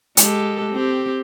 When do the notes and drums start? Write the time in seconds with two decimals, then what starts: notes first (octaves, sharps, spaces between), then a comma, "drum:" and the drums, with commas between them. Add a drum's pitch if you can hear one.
0.17 G#3 G4 A4, drum: hi-hat
0.73 C4 G4